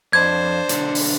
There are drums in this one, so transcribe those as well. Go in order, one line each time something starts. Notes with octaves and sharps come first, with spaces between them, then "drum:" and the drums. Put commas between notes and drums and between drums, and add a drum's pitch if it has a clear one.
F2 D4 C5 G#6
B1 D3, drum: hi-hat
drum: open hi-hat